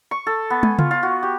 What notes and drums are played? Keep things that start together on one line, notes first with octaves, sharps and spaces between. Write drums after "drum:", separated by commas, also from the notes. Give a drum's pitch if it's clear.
C#6
A4
B3
G#5, drum: tom
F4, drum: tom C#3
F4
F#4
G4